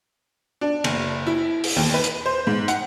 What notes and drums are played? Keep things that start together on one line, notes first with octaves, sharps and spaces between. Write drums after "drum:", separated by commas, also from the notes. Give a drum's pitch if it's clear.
D4
F#1, drum: cymbal
E4
drum: open hi-hat
D#2
B4
drum: hi-hat
C5
G#2
F#5, drum: hi-hat